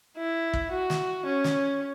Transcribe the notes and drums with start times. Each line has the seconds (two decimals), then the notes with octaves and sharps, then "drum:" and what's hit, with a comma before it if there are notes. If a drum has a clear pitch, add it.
0.17 E4
0.53 drum: kick
0.72 F#4
0.90 drum: snare
1.26 C#4
1.44 drum: snare